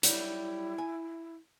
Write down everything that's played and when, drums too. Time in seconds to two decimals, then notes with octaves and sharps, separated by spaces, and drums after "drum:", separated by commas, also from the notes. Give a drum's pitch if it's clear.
0.03 F#3 G3 E4, drum: hi-hat
0.78 G#5